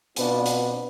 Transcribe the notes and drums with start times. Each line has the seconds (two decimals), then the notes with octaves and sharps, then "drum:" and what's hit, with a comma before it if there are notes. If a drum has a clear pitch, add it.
0.16 B2 B3 C4 D4 F4 B4, drum: hi-hat
0.46 drum: hi-hat